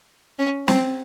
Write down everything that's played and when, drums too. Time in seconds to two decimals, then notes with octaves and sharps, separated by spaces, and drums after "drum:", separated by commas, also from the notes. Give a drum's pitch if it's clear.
0.39 C#4
0.68 C4, drum: snare